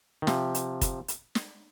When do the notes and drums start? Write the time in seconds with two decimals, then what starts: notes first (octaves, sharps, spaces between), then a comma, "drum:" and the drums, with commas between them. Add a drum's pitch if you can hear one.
0.22 D#3
0.27 C3 F3, drum: snare
0.55 drum: hi-hat
0.81 drum: kick, hi-hat
1.08 drum: hi-hat
1.35 drum: snare